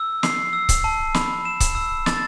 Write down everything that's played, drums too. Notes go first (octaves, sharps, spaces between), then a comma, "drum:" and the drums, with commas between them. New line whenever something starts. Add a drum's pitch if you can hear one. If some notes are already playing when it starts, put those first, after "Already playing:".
Already playing: E6
C7, drum: snare
E6
drum: kick C#1, hi-hat
A5
B5, drum: snare
E7
drum: kick C#1, hi-hat
E6
A6, drum: snare